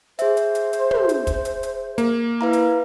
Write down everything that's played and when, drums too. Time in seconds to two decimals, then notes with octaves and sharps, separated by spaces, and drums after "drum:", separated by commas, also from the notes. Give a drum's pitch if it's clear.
0.19 G#4 C5 E5, drum: hi-hat
0.37 drum: hi-hat
0.55 drum: hi-hat
0.73 drum: hi-hat
0.91 drum: tom
1.09 drum: hi-hat
1.27 drum: kick, hi-hat
1.45 drum: hi-hat
1.63 drum: hi-hat
1.98 A#3, drum: hi-hat
2.41 E4 B4 F5 A#5
2.53 drum: hi-hat